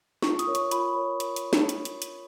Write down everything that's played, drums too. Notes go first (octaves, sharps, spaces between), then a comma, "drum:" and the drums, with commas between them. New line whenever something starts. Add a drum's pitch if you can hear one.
F4 C#6, drum: snare
D#6, drum: hi-hat
A#4 C#5
C#6, drum: hi-hat
F4 B5, drum: hi-hat
A#4 C#5
drum: hi-hat
drum: hi-hat
drum: snare
drum: hi-hat
drum: hi-hat
drum: hi-hat